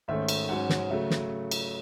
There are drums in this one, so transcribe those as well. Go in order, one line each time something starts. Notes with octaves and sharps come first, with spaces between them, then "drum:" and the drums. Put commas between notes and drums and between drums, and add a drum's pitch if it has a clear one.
G#2 D#3 A3 C#4 E5
drum: cymbal
G#2 F#3 C#4 F#5
drum: snare
C#3 F#3 A3 E5
drum: snare
drum: cymbal